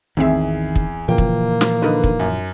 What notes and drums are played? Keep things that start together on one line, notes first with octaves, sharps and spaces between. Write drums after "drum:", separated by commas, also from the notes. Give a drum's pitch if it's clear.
A1 E2 D#3 C4 G#4 E5
drum: kick
A#2 C#3 E3 F3 A#3 G5
drum: kick
drum: snare
D3 D#4 A#4 B4
drum: kick
F#2